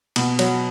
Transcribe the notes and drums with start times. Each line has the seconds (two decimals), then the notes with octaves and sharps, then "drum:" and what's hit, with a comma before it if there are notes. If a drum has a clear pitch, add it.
0.16 B2, drum: cymbal
0.39 F#3, drum: cymbal